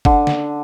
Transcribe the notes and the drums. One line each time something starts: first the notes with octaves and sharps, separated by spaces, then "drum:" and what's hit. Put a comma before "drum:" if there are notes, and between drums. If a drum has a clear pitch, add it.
D3, drum: kick G1
drum: snare